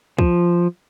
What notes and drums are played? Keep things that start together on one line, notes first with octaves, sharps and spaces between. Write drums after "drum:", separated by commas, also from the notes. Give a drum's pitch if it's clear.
F3, drum: kick